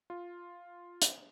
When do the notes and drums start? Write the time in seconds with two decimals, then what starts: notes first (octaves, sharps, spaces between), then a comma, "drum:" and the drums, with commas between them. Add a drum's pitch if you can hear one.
0.10 F4
1.02 drum: hi-hat